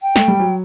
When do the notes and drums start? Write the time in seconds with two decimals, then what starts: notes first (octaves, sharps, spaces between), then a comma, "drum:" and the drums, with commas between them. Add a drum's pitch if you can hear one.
0.02 G5
0.16 A3, drum: snare
0.28 G3
0.40 F#3